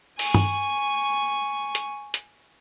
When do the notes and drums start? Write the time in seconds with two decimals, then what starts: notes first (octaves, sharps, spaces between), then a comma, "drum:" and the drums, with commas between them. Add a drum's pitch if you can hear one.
0.19 G#5 C#6, drum: open hi-hat
0.34 drum: tom G2
1.75 drum: hi-hat
2.14 drum: hi-hat